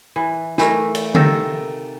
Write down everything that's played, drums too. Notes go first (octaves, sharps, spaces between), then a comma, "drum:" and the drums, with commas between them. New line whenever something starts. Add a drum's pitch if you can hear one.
E3
E3 A3 A#4, drum: snare
drum: cymbal
C3 D#3 A4 A#4, drum: tom D3